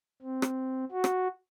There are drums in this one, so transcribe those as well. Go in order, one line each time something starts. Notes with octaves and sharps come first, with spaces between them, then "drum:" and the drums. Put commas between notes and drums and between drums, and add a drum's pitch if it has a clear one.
C4
drum: rim click
F#4
drum: rim click